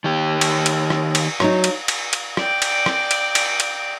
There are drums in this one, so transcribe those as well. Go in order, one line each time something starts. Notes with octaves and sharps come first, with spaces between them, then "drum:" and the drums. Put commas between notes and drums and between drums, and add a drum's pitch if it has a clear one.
D#3 G4
drum: cymbal
drum: cymbal
drum: rim click
drum: cymbal
F#3 D#4, drum: rim click
drum: cymbal
drum: cymbal
drum: cymbal
D5 G5, drum: rim click
drum: cymbal
drum: rim click
drum: cymbal
drum: cymbal
drum: cymbal